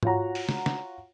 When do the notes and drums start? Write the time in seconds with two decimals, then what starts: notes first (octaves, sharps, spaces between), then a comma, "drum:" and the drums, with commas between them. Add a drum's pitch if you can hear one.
0.03 F4 F#4 C#5 F#5 A#5, drum: tom G#2
0.35 drum: open hi-hat
0.49 drum: snare
0.66 drum: snare